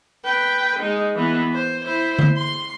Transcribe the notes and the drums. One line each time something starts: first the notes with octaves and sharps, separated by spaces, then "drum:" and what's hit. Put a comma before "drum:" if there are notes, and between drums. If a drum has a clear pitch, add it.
B4 G5
G#3 D#4
E3 B3
C5
E4 C5
drum: tom D3
C6